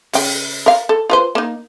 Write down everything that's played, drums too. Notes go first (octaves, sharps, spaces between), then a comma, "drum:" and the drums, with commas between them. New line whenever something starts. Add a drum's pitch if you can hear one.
C#3 G5, drum: open hi-hat
A#4 F5
A4
F4 B4 C5
A#3 D#4